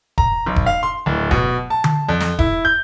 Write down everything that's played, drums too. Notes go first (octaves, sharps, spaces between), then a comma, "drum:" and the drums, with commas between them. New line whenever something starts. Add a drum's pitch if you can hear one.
A#5, drum: kick E1
B1
drum: kick E1
F5
C6
D1
B2, drum: kick E1
A5
drum: tom D3
F2
drum: snare
E4, drum: kick E1
G6